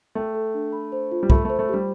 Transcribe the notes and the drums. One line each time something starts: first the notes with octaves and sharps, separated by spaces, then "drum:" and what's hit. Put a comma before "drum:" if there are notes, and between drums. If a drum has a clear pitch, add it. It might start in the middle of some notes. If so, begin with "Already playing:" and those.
A3 G5
A4
D4
B5
C5
F4
G3
A3 B5, drum: kick
A3 C5
A3
G3 G4